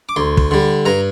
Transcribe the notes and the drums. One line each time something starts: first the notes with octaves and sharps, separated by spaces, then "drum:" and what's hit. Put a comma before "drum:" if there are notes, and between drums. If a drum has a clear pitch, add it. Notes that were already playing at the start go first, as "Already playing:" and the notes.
D6
D2 C6
drum: kick
D3 G3
G2 A#5